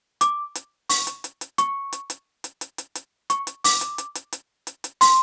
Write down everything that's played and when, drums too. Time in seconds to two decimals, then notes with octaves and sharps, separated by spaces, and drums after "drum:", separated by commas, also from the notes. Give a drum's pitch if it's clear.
0.21 D6, drum: hi-hat
0.55 drum: hi-hat
0.89 C#6, drum: open hi-hat
1.07 drum: hi-hat
1.24 drum: hi-hat
1.41 drum: hi-hat
1.58 C#6, drum: hi-hat
1.93 drum: hi-hat
2.10 drum: hi-hat
2.44 drum: hi-hat
2.61 drum: hi-hat
2.78 drum: hi-hat
2.95 drum: hi-hat
3.30 C#6, drum: hi-hat
3.47 drum: hi-hat
3.64 D6, drum: open hi-hat
3.81 drum: hi-hat
3.98 drum: hi-hat
4.15 drum: hi-hat
4.33 drum: hi-hat
4.67 drum: hi-hat
4.84 drum: hi-hat
5.01 C6, drum: open hi-hat